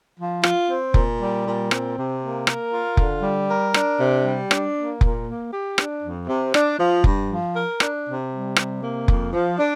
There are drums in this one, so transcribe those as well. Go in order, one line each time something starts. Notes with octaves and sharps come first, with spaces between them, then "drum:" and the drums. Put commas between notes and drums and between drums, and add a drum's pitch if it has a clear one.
F3
F4, drum: rim click
C4
A#2, drum: kick F1
G3
A#2
C4, drum: rim click
C3
A#3
A#4, drum: rim click
F4
D3, drum: kick F1
G3
A#4
D4, drum: rim click
C3
G3
D4, drum: rim click
A#3
A#2, drum: kick F1
A#3
G4
D4, drum: rim click
F2
C3
D4, drum: rim click
F3
G2, drum: kick F1
F3
A#4
D4, drum: rim click
C3
G3
C3, drum: rim click
A#3
F2, drum: kick F1
F3
D4